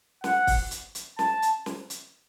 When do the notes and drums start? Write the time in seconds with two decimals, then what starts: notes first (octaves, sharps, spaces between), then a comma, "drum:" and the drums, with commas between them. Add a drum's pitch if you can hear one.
0.24 F#5, drum: snare
0.47 drum: kick, open hi-hat
0.71 drum: hi-hat
0.95 drum: hi-hat
1.19 A5, drum: snare
1.42 drum: hi-hat
1.66 drum: snare
1.90 drum: hi-hat